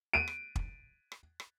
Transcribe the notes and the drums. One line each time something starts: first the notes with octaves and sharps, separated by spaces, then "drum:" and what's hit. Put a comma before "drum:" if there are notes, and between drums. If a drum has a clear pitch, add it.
D7 D#7
drum: rim click
drum: kick
drum: rim click
drum: rim click